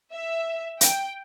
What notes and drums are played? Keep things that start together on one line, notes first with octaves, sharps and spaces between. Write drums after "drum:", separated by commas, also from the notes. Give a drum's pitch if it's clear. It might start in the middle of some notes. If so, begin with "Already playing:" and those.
E5
G5, drum: hi-hat